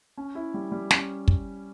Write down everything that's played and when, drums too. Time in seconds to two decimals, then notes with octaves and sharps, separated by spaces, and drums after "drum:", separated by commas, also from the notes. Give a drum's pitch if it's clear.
0.18 C#4
0.35 E4
0.54 G3
0.72 G3
0.91 C#4, drum: snare
1.28 drum: kick